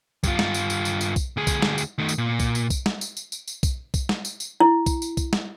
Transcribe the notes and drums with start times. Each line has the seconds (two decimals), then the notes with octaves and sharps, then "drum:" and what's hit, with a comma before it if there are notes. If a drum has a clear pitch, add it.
0.24 G2 F4, drum: kick B1, tambourine
0.39 drum: snare
0.54 drum: tambourine
0.70 drum: tambourine
0.85 drum: tambourine
1.01 drum: tambourine
1.16 drum: kick B1, tambourine
1.37 D2 G#4
1.47 drum: kick B1, tambourine
1.62 drum: snare
1.78 drum: tambourine
1.98 D#3 A3
2.09 drum: tambourine
2.18 A#2
2.40 drum: kick B1, tambourine
2.55 drum: tambourine
2.70 drum: kick B1, tambourine
2.86 drum: snare
3.01 drum: tambourine
3.17 drum: tambourine
3.32 drum: tambourine
3.48 drum: tambourine
3.63 drum: kick B1, tambourine
3.94 drum: kick B1, tambourine
4.09 drum: snare
4.25 drum: tambourine
4.40 drum: tambourine
4.60 E4
4.86 drum: kick B1, tambourine
5.02 drum: tambourine
5.17 drum: kick B1, tambourine
5.33 drum: snare